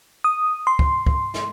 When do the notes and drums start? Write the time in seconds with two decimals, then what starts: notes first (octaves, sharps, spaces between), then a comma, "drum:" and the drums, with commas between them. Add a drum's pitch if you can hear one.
0.24 D#6
0.67 C6
0.79 drum: kick
1.07 drum: kick
1.34 drum: snare